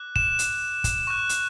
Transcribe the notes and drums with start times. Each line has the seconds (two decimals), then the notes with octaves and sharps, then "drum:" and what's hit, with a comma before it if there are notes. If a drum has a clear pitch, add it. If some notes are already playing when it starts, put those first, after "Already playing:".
Already playing: D6 F#6
0.16 E7, drum: kick
0.39 drum: hi-hat
0.84 drum: kick, hi-hat
1.07 C#6 F#6
1.29 drum: hi-hat